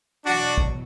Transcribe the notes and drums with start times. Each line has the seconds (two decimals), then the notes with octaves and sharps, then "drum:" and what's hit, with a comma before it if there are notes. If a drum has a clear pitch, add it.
0.25 E2 B2 F#3 D4 F#4
0.58 drum: kick